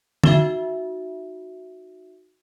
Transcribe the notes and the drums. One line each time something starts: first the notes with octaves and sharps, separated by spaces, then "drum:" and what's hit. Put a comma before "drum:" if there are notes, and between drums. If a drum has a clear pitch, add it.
D#4 F#4 E5, drum: tom